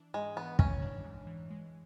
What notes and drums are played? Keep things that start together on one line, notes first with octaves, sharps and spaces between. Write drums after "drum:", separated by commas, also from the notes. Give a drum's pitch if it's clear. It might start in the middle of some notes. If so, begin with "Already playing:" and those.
Already playing: E3 D4
G#2 G#3
E3 B3
G#3 C#4, drum: kick
D4
G#2
E3
G#3